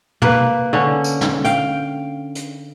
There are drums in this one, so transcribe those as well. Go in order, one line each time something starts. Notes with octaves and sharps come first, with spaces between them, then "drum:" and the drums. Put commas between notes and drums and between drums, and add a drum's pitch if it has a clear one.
A#3 B4, drum: tom
D3 C#4
drum: tambourine
drum: snare
F5 G5, drum: hi-hat
drum: hi-hat